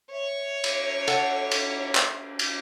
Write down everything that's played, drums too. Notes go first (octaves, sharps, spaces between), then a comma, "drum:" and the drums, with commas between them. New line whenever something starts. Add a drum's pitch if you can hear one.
C#5 E5
drum: cymbal
A4 F#5, drum: cymbal
drum: cymbal
drum: clap
drum: cymbal